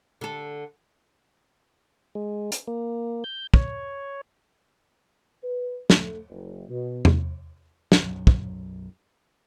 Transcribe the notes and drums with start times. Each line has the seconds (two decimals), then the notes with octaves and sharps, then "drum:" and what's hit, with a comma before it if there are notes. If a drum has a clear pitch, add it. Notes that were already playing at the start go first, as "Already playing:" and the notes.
0.21 D3 A4
2.15 G#3
2.52 drum: hi-hat
2.67 A#3
3.24 G6
3.54 C#5, drum: kick
5.43 B4
5.90 A3, drum: snare
6.29 F#1
6.69 B2
7.05 drum: tom E2
7.92 B1 F#2, drum: snare
8.27 drum: kick